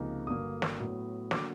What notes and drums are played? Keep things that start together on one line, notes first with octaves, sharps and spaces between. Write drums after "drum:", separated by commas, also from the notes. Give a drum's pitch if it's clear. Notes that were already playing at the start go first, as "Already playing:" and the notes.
Already playing: C#2 C3 F3 A#3 D#4
G1 G2 D3 F#3 A#3 D#6
drum: snare
A2 F#3 B3
D3 F#3 A#3 D6, drum: snare